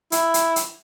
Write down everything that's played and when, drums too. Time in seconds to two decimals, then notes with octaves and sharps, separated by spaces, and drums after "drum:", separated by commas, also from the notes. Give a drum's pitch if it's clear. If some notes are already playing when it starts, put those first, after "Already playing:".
0.12 E4, drum: hi-hat
0.34 drum: hi-hat
0.56 drum: hi-hat